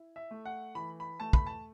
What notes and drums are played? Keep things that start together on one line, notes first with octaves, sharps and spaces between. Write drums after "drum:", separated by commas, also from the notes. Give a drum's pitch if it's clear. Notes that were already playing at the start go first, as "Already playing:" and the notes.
Already playing: E4
E5
A3
F#5
E3 B5
B5
A3 A5
B5, drum: kick
A5